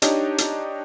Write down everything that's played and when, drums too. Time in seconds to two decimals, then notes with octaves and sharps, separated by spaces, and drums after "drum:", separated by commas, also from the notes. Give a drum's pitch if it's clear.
0.02 D4 D#4 G4 C#5 D#5, drum: hi-hat
0.38 drum: hi-hat